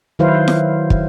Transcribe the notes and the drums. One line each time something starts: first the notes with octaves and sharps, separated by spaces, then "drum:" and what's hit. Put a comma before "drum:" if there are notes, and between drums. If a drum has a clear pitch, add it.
D#3 F#3 E4 B4 C5 F5
drum: snare
drum: kick